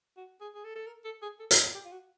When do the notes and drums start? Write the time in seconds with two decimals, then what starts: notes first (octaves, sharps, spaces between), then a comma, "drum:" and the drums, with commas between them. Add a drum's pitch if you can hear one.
0.17 F#4
0.41 G#4
0.55 G#4
0.64 A4
0.75 A4
0.87 A#4
1.05 A4
1.22 G#4
1.39 A4
1.51 drum: hi-hat
1.75 G4
1.85 F4
1.92 F#4